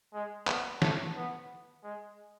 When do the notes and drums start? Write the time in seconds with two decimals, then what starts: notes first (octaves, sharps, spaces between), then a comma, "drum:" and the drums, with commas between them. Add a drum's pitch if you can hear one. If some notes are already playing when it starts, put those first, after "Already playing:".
0.14 G#3
0.48 B3, drum: clap
0.82 A3, drum: snare
1.16 B3
1.84 G#3